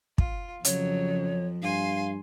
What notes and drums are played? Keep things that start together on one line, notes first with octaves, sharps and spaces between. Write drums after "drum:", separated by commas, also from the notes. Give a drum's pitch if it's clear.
F4, drum: kick
F2 C#3 F#3 C#5, drum: hi-hat
G2 F5 G#5 C6